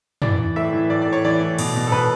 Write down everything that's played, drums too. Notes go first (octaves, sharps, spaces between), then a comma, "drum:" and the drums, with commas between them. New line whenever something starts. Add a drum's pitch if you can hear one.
E3 D5, drum: tom
E3
A2 E5
E3
A2 D5
D5
A2
C#5
E3 D5
A2
B2, drum: cymbal
B2
A4
B2 B4